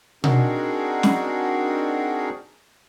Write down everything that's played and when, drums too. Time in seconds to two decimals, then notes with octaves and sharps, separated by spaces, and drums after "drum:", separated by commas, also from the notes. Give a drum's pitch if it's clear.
0.24 C4 D4 D#4 F#4 G#4 A#4, drum: tom B2
1.03 drum: snare